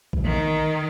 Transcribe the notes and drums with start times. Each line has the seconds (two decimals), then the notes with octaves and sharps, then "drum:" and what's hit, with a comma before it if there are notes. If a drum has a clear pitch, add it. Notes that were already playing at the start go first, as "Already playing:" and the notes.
0.13 drum: kick A#1
0.25 D#3